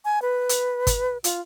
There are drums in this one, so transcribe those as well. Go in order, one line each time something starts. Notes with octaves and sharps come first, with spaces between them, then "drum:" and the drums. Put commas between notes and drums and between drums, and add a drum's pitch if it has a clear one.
G#5
B4
drum: hi-hat
drum: kick, hi-hat
F4, drum: hi-hat